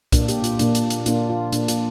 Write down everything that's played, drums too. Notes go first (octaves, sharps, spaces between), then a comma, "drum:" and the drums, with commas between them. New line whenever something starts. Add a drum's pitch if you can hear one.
A#2 A#3 D4, drum: kick, hi-hat
G4, drum: hi-hat
F4, drum: hi-hat
A#2 A#3 D4, drum: hi-hat
drum: hi-hat
drum: hi-hat
A#2 A#3 D4 F4, drum: hi-hat
F4
A#2 A#3 D4, drum: hi-hat
F4, drum: hi-hat